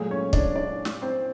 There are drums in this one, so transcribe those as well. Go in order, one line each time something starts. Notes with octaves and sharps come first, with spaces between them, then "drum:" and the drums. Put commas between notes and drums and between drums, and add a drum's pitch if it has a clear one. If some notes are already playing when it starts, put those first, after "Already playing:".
Already playing: A#2 F#3 G#3 A3 G#4
C#4 C#5
D4 D5, drum: kick
D4 D5
drum: snare
C4 C5